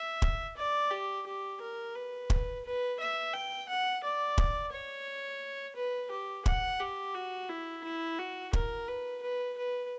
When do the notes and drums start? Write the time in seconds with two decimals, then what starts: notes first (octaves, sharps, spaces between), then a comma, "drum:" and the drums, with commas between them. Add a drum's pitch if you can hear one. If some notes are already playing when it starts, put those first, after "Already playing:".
Already playing: E5
0.22 drum: kick
0.57 D5
0.91 G4
1.26 G4
1.61 A#4
1.95 B4
2.30 drum: kick
2.65 B4
2.99 E5
3.34 G5
3.68 F#5
4.03 D5
4.38 drum: kick
4.72 C#5
5.76 B4
6.11 G4
6.46 F#5, drum: kick
6.80 G4
7.15 F#4
7.49 E4
7.84 E4
8.18 F#4
8.53 A#4, drum: kick
8.88 B4
9.23 B4
9.57 B4